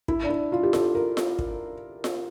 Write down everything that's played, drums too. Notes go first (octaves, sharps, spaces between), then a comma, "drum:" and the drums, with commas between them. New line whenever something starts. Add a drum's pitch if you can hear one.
E4, drum: kick
D4
E4
F4
G4
A4, drum: snare F4
A#4
drum: snare F4
drum: kick
drum: snare F4